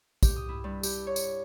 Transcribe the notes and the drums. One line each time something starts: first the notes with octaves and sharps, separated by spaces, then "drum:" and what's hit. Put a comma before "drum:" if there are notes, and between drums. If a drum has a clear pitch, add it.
G4, drum: kick, tambourine
D#6
E4
G2
G4, drum: tambourine
C#5
drum: tambourine